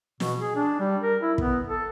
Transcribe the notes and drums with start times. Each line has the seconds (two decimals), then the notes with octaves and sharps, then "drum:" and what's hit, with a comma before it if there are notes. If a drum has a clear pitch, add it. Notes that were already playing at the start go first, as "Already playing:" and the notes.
0.20 B2, drum: snare
0.39 G#4
0.55 D4
0.80 G3
1.02 A#4
1.21 E4
1.38 B3, drum: kick
1.68 A4